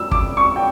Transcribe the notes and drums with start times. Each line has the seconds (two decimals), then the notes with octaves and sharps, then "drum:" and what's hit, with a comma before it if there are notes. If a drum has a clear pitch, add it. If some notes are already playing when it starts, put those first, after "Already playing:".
Already playing: E6
0.11 D6, drum: kick
0.37 C#6
0.56 G5